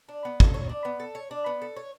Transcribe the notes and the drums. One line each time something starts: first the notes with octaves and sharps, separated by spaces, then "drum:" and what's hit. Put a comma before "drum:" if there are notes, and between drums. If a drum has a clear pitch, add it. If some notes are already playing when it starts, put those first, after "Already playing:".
D4
B3
A4, drum: kick
C#5
D4
B3
A4
C#5
D4
B3
A4
C#5